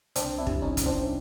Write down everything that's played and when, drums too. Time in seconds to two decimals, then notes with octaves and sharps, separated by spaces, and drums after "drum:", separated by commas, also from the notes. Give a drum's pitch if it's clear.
0.16 C2 C4 D4, drum: hi-hat
0.38 D4 E4
0.47 G3, drum: kick
0.62 C#4 D#4
0.77 C2, drum: kick, hi-hat
0.86 C4 D4